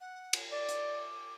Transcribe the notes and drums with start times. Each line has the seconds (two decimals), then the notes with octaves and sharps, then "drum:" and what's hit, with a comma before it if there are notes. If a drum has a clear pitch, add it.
0.01 F#5
0.33 drum: cymbal
0.51 D5 D6
0.69 drum: hi-hat